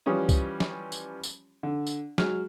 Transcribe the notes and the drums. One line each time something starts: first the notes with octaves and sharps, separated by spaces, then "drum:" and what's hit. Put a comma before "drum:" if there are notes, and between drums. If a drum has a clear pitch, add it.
E3 F3 G3 C#4 C#5 D#6
drum: kick C2, tambourine
drum: snare
drum: tambourine
drum: tambourine
D3
drum: tambourine
F#3 G#3 F6, drum: snare